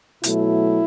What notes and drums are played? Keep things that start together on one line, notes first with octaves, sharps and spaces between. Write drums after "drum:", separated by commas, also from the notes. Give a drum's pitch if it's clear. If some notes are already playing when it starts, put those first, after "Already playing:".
B2 F#3 A3 E4, drum: hi-hat